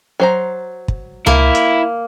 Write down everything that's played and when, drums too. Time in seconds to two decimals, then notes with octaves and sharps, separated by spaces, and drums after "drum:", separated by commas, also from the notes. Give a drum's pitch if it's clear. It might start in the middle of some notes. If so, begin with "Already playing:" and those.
0.20 F#3 C5 A#5
0.88 drum: kick
1.27 A#3 E4, drum: tom C#2
1.55 drum: hi-hat